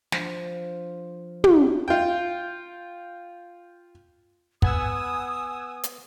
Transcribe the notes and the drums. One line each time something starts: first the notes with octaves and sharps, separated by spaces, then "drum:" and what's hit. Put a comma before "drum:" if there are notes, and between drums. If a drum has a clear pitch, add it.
F3 D4, drum: snare
drum: tom
F4 G5
B3 F#5 G#5 D#6 E6, drum: kick
drum: hi-hat